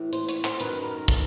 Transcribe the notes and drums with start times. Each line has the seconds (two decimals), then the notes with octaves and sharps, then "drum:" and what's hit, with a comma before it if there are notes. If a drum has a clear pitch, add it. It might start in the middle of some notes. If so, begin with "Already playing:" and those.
Already playing: A2 E3
0.13 C5, drum: hi-hat
0.29 C#5, drum: hi-hat
0.45 C5, drum: clap
0.60 F#2 D#3 B4, drum: hi-hat
0.83 A#4
0.98 A#4
1.08 A4, drum: kick, hi-hat